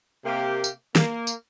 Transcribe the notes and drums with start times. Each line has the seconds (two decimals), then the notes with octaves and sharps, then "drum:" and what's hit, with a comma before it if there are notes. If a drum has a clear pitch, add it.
0.24 C3 A#3 G4
0.64 drum: tambourine
0.95 A#3, drum: snare
1.27 drum: tambourine